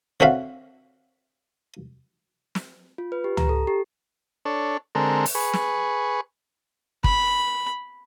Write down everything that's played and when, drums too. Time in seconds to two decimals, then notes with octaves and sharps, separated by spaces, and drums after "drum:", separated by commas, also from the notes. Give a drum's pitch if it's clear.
0.20 D3 C4 C#4 F#4 E5 F5
2.55 drum: snare
2.98 F4
3.12 B4
3.24 G4
3.37 A#5, drum: tom C#2
3.49 A4
3.67 G4
4.45 D4 A4 C#5
4.95 D3 G#3 C4 A4 A#4
5.26 drum: open hi-hat
5.35 G#4 B4 C#6
5.53 drum: snare
7.04 B5, drum: kick